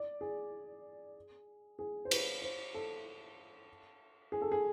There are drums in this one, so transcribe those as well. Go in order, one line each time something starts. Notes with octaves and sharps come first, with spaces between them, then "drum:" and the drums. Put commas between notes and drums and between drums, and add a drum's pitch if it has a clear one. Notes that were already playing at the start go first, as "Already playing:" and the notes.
Already playing: D5
G#4
G#4
C5
B4, drum: cymbal
C5
A4
G#4
A4
G#4